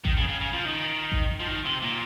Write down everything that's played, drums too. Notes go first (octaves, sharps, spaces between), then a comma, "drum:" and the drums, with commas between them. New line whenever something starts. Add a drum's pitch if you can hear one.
D#3, drum: kick A1
C#3
C#3
C#3
F3
D#3
drum: kick A1
F3
D#3
C3
A#2